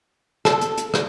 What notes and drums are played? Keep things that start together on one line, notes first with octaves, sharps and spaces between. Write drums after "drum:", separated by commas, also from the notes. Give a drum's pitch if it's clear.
A4, drum: rim click
drum: hi-hat
drum: hi-hat
drum: rim click